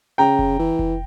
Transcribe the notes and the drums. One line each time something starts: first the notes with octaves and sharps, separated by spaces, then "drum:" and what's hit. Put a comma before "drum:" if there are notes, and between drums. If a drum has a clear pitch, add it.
C#3 G5 A#5
drum: kick F1
E3
drum: kick F1